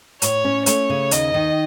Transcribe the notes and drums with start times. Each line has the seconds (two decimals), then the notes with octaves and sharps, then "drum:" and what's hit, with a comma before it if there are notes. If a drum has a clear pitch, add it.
0.22 A2 C#5, drum: hi-hat
0.45 C#4
0.66 A3 C#5, drum: hi-hat
0.90 C#3
1.11 D#2 D#5, drum: hi-hat
1.34 D#3